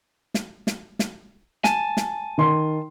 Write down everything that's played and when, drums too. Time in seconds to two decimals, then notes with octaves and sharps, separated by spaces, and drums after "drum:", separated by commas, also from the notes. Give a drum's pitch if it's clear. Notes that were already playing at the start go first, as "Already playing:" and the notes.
0.34 drum: snare
0.67 drum: snare
0.99 drum: snare
1.64 G#5 A5, drum: snare
1.97 drum: snare
2.38 D#3 C6